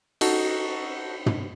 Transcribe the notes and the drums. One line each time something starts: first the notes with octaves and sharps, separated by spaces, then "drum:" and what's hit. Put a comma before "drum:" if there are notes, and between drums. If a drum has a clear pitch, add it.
D#4 F#4 A4, drum: cymbal
drum: tom